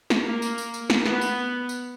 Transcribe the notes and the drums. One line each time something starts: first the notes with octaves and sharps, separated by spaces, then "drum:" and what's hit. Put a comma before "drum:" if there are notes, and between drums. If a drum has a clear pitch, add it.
drum: snare
A#3
drum: tambourine
drum: tambourine
drum: tambourine
drum: snare
B3, drum: snare
drum: tambourine
drum: tambourine